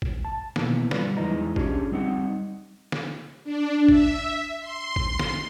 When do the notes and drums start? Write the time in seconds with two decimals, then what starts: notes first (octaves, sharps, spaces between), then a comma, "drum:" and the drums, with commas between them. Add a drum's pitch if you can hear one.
0.02 drum: kick
0.25 A5
0.56 B2 D#3 E3 A#3 B3, drum: snare
0.91 G3 F4 B4 D5, drum: snare
1.17 E2 E3 G#3 D#4 D#5 A#5
1.56 C#4 D4 F4 G4 G#4, drum: kick
1.92 G3 C4 D#4 D#5 F#5
2.92 drum: snare
3.44 D4
3.89 E5, drum: kick
4.60 C6
4.96 drum: kick
5.19 drum: snare